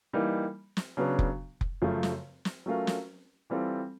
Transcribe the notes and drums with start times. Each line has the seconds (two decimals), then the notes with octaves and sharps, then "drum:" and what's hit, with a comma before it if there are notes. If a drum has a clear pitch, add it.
0.13 E3 G3 A#3 D#4
0.77 drum: snare
0.97 C#3 F#3 B3 D4
1.19 drum: kick F1
1.61 drum: kick F1
1.82 F#2 C#3 F3 A3
2.03 drum: snare
2.45 drum: snare
2.66 F#3 A3 C#4 F4 A#4
2.87 drum: snare
3.50 E3 G3 C4 F4 A4